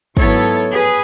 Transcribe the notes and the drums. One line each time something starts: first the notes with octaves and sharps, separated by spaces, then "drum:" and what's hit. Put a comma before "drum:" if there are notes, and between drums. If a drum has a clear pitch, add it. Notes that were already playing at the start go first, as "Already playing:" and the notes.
G#2 F#3 B3 E4 A4 C#5, drum: kick
G#4 B4